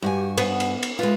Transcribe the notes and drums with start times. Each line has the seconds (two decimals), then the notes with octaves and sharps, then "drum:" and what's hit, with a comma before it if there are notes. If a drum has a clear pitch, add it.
0.02 G2 F#4 G4 G#5
0.38 B3 F#5, drum: cymbal
0.60 drum: cymbal
0.83 drum: cymbal
0.99 G#3 F4 B4